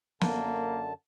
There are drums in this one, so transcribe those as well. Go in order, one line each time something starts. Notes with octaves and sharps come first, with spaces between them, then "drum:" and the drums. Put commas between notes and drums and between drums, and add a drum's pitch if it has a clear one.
F#2 D3 A#3 A5, drum: snare